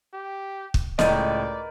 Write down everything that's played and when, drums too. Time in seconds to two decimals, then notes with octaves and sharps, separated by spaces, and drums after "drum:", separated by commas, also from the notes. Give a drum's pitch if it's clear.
0.13 G4
0.74 drum: kick
0.99 C#2 A2 A#4 B4 D5 D#5 G5 D#7, drum: snare